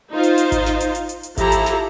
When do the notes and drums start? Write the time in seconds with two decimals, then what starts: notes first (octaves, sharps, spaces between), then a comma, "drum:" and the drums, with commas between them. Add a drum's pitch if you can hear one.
0.12 D#4 F4 C5
0.23 drum: hi-hat
0.38 drum: hi-hat
0.52 drum: kick G#1, hi-hat
0.66 drum: snare
0.80 drum: hi-hat
0.95 drum: hi-hat
1.09 drum: hi-hat
1.23 drum: hi-hat
1.38 F3 E4 G4 A4 A#5, drum: kick G#1, hi-hat
1.52 drum: hi-hat
1.66 drum: snare